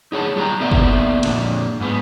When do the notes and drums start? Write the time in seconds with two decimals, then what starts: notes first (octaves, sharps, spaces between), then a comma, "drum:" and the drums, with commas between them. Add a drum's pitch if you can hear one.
0.12 D#4 G#4 C#5 A5
0.36 G3 F4 G4 G5 A#5
0.60 A#3 B3 A4 D5 E5 F5
0.71 drum: kick
1.23 F2 A#2 D3, drum: cymbal
1.80 G#2 B3